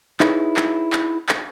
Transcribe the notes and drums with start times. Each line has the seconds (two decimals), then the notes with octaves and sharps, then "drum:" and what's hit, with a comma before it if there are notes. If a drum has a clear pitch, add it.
0.20 D#4 E4 G#4 B4 C#5, drum: clap
0.56 drum: clap
0.93 drum: clap
1.29 drum: clap